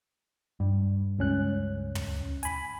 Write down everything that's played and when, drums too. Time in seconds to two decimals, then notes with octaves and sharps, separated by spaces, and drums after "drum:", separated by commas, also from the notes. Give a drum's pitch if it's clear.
0.60 G2
1.19 C#2 C#4 F#6
1.95 drum: tom
2.43 G#5 B5, drum: hi-hat